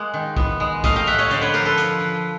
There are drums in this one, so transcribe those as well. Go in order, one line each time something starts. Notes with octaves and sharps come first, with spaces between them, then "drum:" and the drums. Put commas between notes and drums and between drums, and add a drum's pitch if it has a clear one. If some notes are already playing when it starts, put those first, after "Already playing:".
Already playing: G#3 A#3 F#5
D#3
B3, drum: kick
G#3
A3 D#5 F5, drum: kick, hi-hat
F5 G5
A2 E5 F#5
C#5 D#5
D3 C5 D5
B4 C#5
F3 A#4 C5
A4 B4
F3, drum: hi-hat
F3